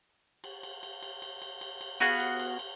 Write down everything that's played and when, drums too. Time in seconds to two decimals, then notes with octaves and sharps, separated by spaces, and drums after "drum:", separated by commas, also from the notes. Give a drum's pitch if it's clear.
0.44 drum: cymbal
0.63 drum: cymbal
0.83 drum: cymbal
1.02 drum: cymbal
1.22 drum: cymbal
1.42 drum: cymbal
1.61 drum: cymbal
1.81 drum: cymbal
2.00 B3 F#4 G#4 F5
2.20 drum: cymbal
2.39 drum: cymbal
2.59 drum: cymbal